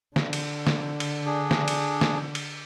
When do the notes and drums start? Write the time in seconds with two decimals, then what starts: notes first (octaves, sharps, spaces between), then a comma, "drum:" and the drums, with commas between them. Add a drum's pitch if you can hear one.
0.16 D3, drum: snare
0.33 drum: cymbal
0.67 drum: snare
1.00 drum: cymbal
1.26 D4 G#4
1.51 drum: snare
1.68 drum: cymbal
2.01 drum: snare
2.35 drum: cymbal